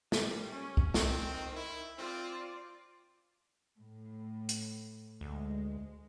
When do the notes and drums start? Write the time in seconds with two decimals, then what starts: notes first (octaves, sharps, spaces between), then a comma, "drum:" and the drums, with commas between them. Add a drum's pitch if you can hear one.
0.12 G3 A#3, drum: snare
0.52 C#4
0.77 drum: kick C2
0.94 D#3 C4, drum: snare
1.56 E4
1.98 C4 F4 D5
3.79 A2
4.49 drum: hi-hat
5.21 D2 G#3